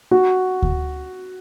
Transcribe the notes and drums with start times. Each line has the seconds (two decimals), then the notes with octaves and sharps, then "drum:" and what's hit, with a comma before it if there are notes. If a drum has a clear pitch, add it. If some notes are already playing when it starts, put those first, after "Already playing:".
0.11 F#4
0.62 drum: kick D2